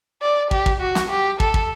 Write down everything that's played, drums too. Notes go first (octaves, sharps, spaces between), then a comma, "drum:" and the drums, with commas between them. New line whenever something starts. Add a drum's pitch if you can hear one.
D5
G4, drum: kick
drum: kick
F#4
drum: snare
G4
A4, drum: kick
drum: kick